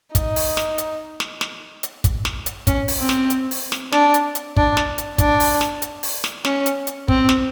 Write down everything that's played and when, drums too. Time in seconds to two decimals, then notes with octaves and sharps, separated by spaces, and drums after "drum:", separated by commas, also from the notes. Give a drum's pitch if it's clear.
0.15 D#4, drum: kick, hi-hat
0.36 drum: open hi-hat
0.57 drum: snare
0.78 drum: hi-hat
1.20 drum: snare
1.41 drum: snare
1.83 drum: hi-hat
2.04 drum: kick, hi-hat
2.25 drum: snare
2.46 drum: hi-hat
2.67 C#4, drum: kick, hi-hat
2.88 drum: open hi-hat
2.99 C4
3.09 drum: snare
3.30 drum: hi-hat
3.51 drum: open hi-hat
3.72 drum: snare
3.93 D4, drum: snare
4.14 drum: hi-hat
4.35 drum: hi-hat
4.57 D4, drum: kick
4.77 drum: snare
4.98 drum: hi-hat
5.18 D4, drum: kick, hi-hat
5.40 drum: open hi-hat
5.61 drum: snare
5.82 drum: hi-hat
6.03 drum: open hi-hat
6.24 drum: snare
6.45 C#4, drum: snare
6.66 drum: hi-hat
6.87 drum: hi-hat
7.08 C4, drum: kick
7.29 drum: snare